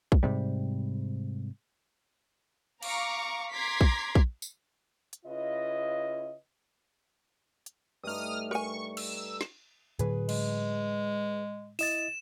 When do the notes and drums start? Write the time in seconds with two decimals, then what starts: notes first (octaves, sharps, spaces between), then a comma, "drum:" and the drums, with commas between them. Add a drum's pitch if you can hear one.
0.12 drum: kick
0.23 G#2 C3 G3
2.83 F5 A#5 C#6 D6, drum: cymbal
3.53 A#5 C6 D6 G#6 B6 C7
3.81 drum: kick
4.15 drum: kick
4.42 drum: tambourine
5.13 drum: hi-hat
5.25 C#3 E4 F4 B4 D#5
7.66 drum: hi-hat
8.03 G2 A3 D#4 D#6 F6
8.51 A#4 G#5 C#6
8.97 E6, drum: cymbal
9.41 drum: snare
9.99 A2 D3 F#3 G#4 B4, drum: hi-hat
10.29 G#3, drum: cymbal
11.79 E4 D#5 A6 E7, drum: open hi-hat